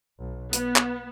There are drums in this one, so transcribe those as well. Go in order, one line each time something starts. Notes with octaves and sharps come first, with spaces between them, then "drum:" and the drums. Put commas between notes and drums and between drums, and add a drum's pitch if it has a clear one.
B1
B3, drum: hi-hat
drum: clap